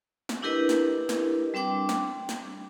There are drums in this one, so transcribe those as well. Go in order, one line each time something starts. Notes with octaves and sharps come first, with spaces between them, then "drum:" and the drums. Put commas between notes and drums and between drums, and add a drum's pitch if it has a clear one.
drum: snare
D4 E4 G4 A#4 B4 D#5
drum: snare
drum: snare
G3 C4 D4 G5 D6
drum: snare
drum: snare